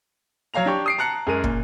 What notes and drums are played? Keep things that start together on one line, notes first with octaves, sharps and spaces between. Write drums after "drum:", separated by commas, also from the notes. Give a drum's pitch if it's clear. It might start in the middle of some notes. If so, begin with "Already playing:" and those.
F#3 C#5 F5 A#5 F7
D4 G4 C#6
D#6 C7 D7
A5 A#5 F#6 C#7
F#2 G#3 A#4 D#7
A#2, drum: kick